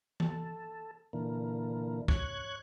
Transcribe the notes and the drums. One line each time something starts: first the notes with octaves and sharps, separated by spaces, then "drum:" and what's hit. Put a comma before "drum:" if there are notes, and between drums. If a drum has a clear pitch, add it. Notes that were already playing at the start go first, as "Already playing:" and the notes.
A4, drum: tom E3
A#2 D3 E3 A#3
C#5 F#6 G#6, drum: kick